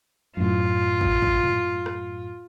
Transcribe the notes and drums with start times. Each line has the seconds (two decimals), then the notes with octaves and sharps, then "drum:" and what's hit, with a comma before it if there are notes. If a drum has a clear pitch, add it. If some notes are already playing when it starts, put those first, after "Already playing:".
0.37 F#2 A2 F4
1.01 drum: kick
1.22 drum: kick
1.44 drum: tom
1.86 drum: rim click